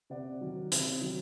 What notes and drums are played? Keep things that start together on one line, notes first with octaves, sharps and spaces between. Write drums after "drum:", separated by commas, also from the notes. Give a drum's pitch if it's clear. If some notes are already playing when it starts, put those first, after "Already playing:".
C3 D5 F#5
D#3 F#3
C3, drum: hi-hat
D#3 F#3